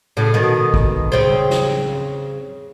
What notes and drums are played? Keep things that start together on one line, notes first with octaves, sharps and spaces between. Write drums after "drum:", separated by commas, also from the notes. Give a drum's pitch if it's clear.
A2 C#3
B2 D#3
drum: kick G#1
C#3 C4
drum: snare